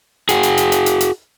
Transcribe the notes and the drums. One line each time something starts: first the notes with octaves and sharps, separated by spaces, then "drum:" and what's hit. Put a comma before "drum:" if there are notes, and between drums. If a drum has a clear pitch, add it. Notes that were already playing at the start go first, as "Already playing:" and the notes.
F#4 G#4, drum: hi-hat
drum: hi-hat
drum: hi-hat
drum: hi-hat
drum: hi-hat
drum: hi-hat